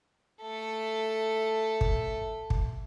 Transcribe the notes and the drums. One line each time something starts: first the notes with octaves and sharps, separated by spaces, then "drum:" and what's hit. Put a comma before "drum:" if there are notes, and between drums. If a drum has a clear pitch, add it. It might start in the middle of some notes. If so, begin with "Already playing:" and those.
A3 A4
drum: kick
drum: kick